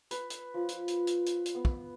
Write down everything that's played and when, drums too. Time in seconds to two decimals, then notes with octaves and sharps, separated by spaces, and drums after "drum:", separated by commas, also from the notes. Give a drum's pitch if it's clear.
0.11 B4, drum: hi-hat
0.30 drum: hi-hat
0.54 F3
0.69 drum: hi-hat
0.88 drum: hi-hat
1.07 drum: hi-hat
1.26 drum: hi-hat
1.46 drum: hi-hat
1.55 B3
1.65 drum: kick